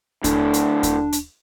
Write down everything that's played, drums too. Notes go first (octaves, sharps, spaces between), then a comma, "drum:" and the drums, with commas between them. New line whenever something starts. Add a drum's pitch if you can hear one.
D2 A2 D3 D4, drum: kick D#2, hi-hat
drum: hi-hat
drum: kick D#2, hi-hat
drum: hi-hat